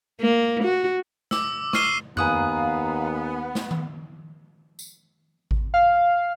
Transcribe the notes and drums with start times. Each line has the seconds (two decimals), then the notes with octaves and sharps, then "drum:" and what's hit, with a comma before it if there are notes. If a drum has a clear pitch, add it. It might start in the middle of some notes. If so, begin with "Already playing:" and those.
0.21 A#3
0.64 F#4
1.31 D6 E6, drum: snare
1.73 C#6 D6 F6 C7 D#7 G7, drum: snare
2.17 D#2 B3 F5 G#5 A#5 D#6 F#6, drum: tom F2
3.55 drum: snare
3.71 drum: tom D#3
4.79 drum: tambourine
5.51 drum: kick G#1
5.74 F5